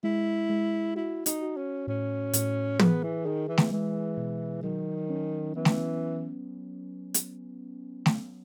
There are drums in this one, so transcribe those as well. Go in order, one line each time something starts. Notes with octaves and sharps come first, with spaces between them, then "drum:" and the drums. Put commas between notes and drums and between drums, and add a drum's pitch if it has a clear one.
G#3 E4
G#3
E4 F#4
D#4, drum: hi-hat
F#4
C#4
A2 C#4
A2, drum: hi-hat
B3 G#4, drum: tom
E3
D#3 G#4
E3
drum: snare A3
E3 G#3
B2
D#3 F#3
C#4
E3 B3
drum: snare A3
drum: hi-hat
drum: snare A3